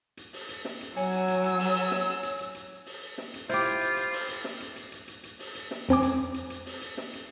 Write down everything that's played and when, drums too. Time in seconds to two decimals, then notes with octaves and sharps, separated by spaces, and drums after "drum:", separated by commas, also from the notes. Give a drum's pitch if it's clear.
0.17 drum: hi-hat
0.33 drum: open hi-hat
0.49 drum: hi-hat
0.65 drum: snare
0.81 drum: hi-hat
0.97 F#3 C#5 G#5 E6, drum: hi-hat
1.12 drum: hi-hat
1.28 drum: hi-hat
1.44 drum: hi-hat
1.60 drum: open hi-hat
1.91 drum: snare
2.23 drum: hi-hat
2.39 drum: hi-hat
2.55 drum: hi-hat
2.86 drum: open hi-hat
3.18 drum: snare
3.34 drum: hi-hat
3.49 E4 F4 G4 C5 G6, drum: hi-hat
3.65 drum: hi-hat
3.81 drum: hi-hat
3.97 drum: hi-hat
4.13 drum: open hi-hat
4.29 drum: hi-hat
4.44 drum: snare
4.60 drum: hi-hat
4.76 drum: hi-hat
4.92 drum: hi-hat
5.08 drum: hi-hat
5.23 drum: hi-hat
5.39 drum: open hi-hat
5.55 drum: hi-hat
5.71 drum: snare
5.89 F2 C4 G#5 D6, drum: hi-hat
6.03 drum: hi-hat
6.34 drum: hi-hat
6.50 drum: hi-hat
6.66 drum: open hi-hat
6.82 drum: hi-hat
6.97 drum: snare
7.13 drum: hi-hat